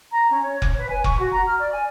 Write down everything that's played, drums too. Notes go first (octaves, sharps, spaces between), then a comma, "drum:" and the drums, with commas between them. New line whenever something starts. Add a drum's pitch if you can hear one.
A#5
C#4
C#5
C#5, drum: kick F1
B4
G#5
C#6, drum: kick F1
F#4
A#5
F6
D5
G#5